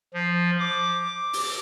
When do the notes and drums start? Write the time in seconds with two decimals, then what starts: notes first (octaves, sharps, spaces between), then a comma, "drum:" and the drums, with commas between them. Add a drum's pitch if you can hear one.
0.14 F3
0.59 D6
1.33 drum: open hi-hat